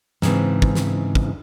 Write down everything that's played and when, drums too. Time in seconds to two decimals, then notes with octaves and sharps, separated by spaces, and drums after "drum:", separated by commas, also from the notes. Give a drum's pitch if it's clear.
0.22 G#2 C#3 E3 C4, drum: snare
0.62 drum: kick
0.75 drum: snare
1.15 drum: kick